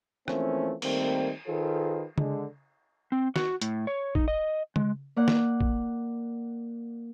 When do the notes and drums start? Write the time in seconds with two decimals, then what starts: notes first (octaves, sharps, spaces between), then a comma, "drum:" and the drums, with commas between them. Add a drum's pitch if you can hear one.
0.28 E3 F3 A3 A#3 C4 C#4, drum: rim click
0.82 D#3 G3 A3 A#3 C4, drum: cymbal
1.47 D#3 F4 G#4 A4 B4 C5
2.18 D3 G#3, drum: tom C#3
3.12 C4
3.36 F#4, drum: snare
3.62 A2, drum: hi-hat
3.87 C#5
4.15 D#4, drum: kick A1
4.28 D#5
4.76 G#3, drum: tom C#3
5.16 A#3 D5 F#5
5.28 drum: snare
5.61 drum: kick A1